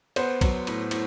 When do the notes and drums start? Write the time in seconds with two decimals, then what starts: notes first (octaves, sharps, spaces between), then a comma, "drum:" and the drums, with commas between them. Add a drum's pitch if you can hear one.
0.16 B3 C5, drum: cymbal
0.41 F#3, drum: kick, cymbal
0.67 A2, drum: cymbal
0.91 A2, drum: cymbal